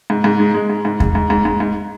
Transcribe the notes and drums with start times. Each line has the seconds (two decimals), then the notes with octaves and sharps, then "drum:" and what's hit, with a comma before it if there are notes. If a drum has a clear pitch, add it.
0.10 G#2
0.24 G#2
0.40 G#3
0.55 G#3
0.70 G#2
0.85 G#2
1.00 G#2, drum: kick E2
1.15 G#2
1.30 G#2
1.45 G#2
1.60 G#2